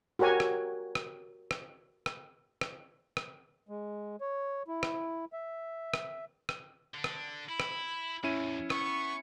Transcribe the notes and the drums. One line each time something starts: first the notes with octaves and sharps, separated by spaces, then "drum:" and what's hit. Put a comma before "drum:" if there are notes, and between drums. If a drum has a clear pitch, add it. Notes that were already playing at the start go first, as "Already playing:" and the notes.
F#4 G4 A#4 C#5 G#5
drum: rim click
drum: rim click
drum: rim click
drum: rim click
drum: rim click
drum: rim click
G#3
C#5
E4
drum: rim click
E5
drum: rim click
drum: rim click
D3 D4
drum: rim click
E4 B5
drum: rim click
E2 A2 C#4 E4 D#7
B3 C#6, drum: rim click